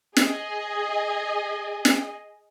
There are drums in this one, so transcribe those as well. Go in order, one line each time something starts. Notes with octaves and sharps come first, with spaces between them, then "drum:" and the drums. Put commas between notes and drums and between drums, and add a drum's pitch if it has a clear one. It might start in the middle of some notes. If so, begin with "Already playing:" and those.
G#4 D#5, drum: snare
drum: snare